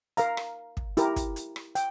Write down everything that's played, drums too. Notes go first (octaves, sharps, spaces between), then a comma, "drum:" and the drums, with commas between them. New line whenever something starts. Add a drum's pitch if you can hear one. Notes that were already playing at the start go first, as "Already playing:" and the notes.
A#4 F5 A#5, drum: hi-hat
drum: rim click
drum: kick
E4 G4 A#4, drum: hi-hat
drum: kick, hi-hat
drum: hi-hat
drum: rim click
G5, drum: hi-hat